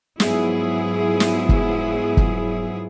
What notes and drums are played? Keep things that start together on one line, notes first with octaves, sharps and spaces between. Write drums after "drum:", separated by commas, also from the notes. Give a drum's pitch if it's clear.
G#2 F3 F#3 B3 E4 G#4, drum: snare
drum: snare
drum: kick
drum: kick